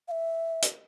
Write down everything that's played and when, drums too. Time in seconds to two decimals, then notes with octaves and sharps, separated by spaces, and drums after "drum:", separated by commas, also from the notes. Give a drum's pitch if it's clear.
0.08 F5
0.11 E5
0.62 drum: hi-hat